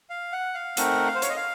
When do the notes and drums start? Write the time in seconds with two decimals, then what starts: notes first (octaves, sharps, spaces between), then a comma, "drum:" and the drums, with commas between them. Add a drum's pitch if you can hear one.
0.10 F5
0.32 F#5
0.55 F5
0.77 A3 C4 D#4 A#4 F#5, drum: hi-hat
1.07 F5
1.15 C5
1.22 C#5, drum: hi-hat
1.29 D#5
1.37 F5